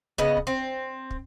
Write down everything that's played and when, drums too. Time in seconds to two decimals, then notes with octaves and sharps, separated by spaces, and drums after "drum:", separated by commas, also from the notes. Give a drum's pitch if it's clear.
0.18 C#3 B3 D#5, drum: kick
0.37 drum: kick
0.47 C4
1.10 drum: kick